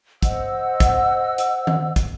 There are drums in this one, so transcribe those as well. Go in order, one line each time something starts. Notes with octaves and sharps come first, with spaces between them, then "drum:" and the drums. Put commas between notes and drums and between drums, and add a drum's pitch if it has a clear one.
C5 D#5 F#5 E6, drum: kick, hi-hat
drum: kick, hi-hat
drum: hi-hat
drum: tom D#3
drum: kick, hi-hat